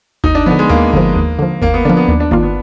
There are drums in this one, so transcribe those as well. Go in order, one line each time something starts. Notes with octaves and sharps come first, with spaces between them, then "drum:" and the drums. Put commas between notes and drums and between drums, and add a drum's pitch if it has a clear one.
D#2 D#4, drum: kick G1
D4
D3 F3 B3
G#3
D#2 A#3
D3 F3, drum: kick G1
D#2
D3 F3
D#2 A#3, drum: kick G1
B3
D3 F3 D4
B3
D#2 D4
D4
D#3 A#3 D4 F4, drum: kick G1
B3